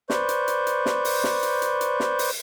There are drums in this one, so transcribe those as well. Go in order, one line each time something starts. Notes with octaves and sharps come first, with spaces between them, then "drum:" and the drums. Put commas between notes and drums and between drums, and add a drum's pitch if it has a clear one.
B4 C5 D5 C#6 G6, drum: snare
drum: hi-hat
drum: hi-hat
drum: hi-hat
drum: snare
drum: open hi-hat
drum: snare
drum: hi-hat
drum: hi-hat
drum: hi-hat
drum: snare
drum: open hi-hat